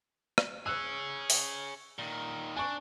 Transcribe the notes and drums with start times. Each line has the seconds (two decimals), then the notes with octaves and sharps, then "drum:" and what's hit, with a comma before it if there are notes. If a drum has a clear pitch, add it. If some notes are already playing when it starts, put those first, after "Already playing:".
0.38 drum: rim click
0.66 G#4 C#5 E6 F#6
1.30 drum: open hi-hat
1.99 A#2 D#3
2.56 D4 G#5 C#6